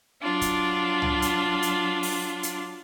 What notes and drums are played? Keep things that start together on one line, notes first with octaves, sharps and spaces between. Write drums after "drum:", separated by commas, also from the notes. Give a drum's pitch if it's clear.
F#3 D4 F4
drum: kick, hi-hat
drum: tom
drum: hi-hat
drum: hi-hat
drum: open hi-hat
drum: hi-hat